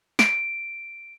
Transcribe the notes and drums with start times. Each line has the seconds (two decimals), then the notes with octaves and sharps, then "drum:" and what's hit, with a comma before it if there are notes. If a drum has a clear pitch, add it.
0.19 D7, drum: snare